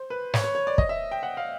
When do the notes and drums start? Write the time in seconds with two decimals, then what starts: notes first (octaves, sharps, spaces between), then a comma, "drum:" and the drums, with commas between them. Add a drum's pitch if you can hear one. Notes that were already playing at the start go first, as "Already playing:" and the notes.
Already playing: C5
0.10 B4
0.34 C#5, drum: snare
0.44 C#5
0.55 C#5
0.67 D5
0.78 D#5, drum: kick
0.89 E5
1.11 G5
1.23 F#5
1.37 F5